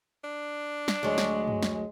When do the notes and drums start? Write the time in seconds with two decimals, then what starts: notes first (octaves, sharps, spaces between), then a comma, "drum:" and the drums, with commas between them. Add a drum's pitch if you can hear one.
0.24 D4
0.88 drum: snare
1.03 D2 F#3 G#3
1.18 drum: snare
1.48 drum: tom
1.63 drum: snare